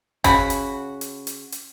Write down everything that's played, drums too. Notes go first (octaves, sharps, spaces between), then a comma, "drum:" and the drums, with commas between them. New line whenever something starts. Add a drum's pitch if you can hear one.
C#3 F#4 B5, drum: kick G1, hi-hat
drum: hi-hat
drum: hi-hat
drum: hi-hat
drum: hi-hat